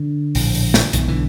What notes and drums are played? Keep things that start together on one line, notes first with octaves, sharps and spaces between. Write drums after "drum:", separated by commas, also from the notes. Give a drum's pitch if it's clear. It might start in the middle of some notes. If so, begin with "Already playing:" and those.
Already playing: D3
A#1 A2, drum: open hi-hat
drum: open hi-hat
drum: snare
B1 B2 D#3, drum: hi-hat
D3 E3